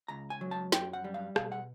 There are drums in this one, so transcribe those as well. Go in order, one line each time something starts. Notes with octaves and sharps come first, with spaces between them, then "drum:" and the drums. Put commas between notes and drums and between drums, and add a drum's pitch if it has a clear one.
C#2 A#5
G#5
F#3
A5
F#2 G5, drum: snare
F#5
G3
F5
B2 F5, drum: rim click
F#5